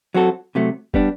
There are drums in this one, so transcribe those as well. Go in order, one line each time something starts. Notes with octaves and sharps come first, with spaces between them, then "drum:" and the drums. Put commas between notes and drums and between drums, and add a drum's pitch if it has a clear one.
F#3 C4 F#4 A4
C3 F#3 A3
G3 B3 D4, drum: kick